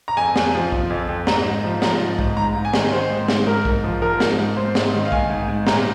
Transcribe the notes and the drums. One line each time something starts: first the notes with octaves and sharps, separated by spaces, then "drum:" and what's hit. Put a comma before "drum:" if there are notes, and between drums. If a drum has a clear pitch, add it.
A#5
F2 G#5
F2, drum: snare
F3
F3, drum: kick
F2
F2
G#2 A#5, drum: snare
G#2
F3
F3 A#5, drum: snare
G#2
G#2, drum: kick
G#2 A#5
G#2
G#5
D#3, drum: snare
D#3 C5
G#2
G#2, drum: snare
G#2 A#4
G#2, drum: kick
F3
F3 A#4
G#2, drum: snare
G#2
G#2 C5
G#2, drum: snare
D#3
F5
D#3 G#5, drum: kick
G#2
G#2
A#2 A#5, drum: snare